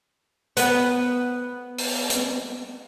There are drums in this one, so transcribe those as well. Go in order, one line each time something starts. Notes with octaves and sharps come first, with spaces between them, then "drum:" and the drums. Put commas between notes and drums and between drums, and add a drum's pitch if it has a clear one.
B3 B4, drum: hi-hat
drum: open hi-hat
drum: hi-hat